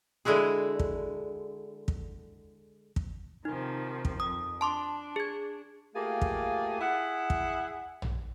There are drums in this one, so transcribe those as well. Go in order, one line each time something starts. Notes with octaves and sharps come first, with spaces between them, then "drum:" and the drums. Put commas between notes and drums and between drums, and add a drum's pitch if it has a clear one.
D3 G#3 E4 F#4 G#4
drum: kick
drum: kick
drum: kick
C3 D#3 F3 D#4
drum: kick
F2 D#6
D4 A5 C6 D6
G#4 G#6
A3 A#3 F4 G4 G#4
drum: kick
E4 G#4 F#5
drum: kick
drum: tom A#1